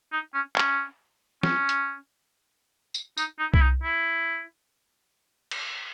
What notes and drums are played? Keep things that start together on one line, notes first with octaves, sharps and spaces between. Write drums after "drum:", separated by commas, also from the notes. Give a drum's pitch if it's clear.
D#4
C#4
C#4, drum: clap
C#4, drum: snare
drum: hi-hat
drum: tambourine
D#4, drum: tambourine
D#4
E4, drum: kick C2
D#4
E4
drum: cymbal